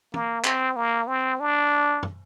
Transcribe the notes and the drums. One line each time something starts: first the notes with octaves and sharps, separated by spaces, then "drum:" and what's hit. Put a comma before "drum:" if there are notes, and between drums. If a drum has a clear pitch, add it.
A#3, drum: tom
C4, drum: clap
A#3
C4
D4
drum: tom